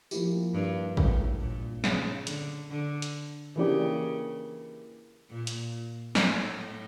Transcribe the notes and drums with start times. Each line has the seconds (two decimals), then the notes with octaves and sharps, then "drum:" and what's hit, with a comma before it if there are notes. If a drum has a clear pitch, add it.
0.11 F3 A#3 E4 G4, drum: tambourine
0.54 G2
0.97 A2, drum: kick
1.40 A#2
1.84 C#3, drum: snare
2.27 D3, drum: hi-hat
2.70 D3
3.02 drum: hi-hat
3.56 C#3 E3 A#3 D4 G4
5.30 A#2
5.47 drum: hi-hat
6.15 A2, drum: snare